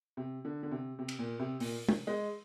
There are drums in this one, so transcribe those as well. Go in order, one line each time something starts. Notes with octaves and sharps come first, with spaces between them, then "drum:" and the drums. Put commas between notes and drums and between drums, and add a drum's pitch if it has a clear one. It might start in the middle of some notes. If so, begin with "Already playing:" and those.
C3
D3
D3
C3
C3
drum: cymbal
A#2
C3
A#2, drum: open hi-hat
drum: tom G#3
G#3